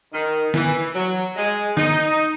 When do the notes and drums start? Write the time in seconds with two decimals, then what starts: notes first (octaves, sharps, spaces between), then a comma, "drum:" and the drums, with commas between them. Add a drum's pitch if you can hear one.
0.13 D#3
0.54 E3, drum: snare
0.95 F#3
1.36 G#3
1.77 D#4, drum: snare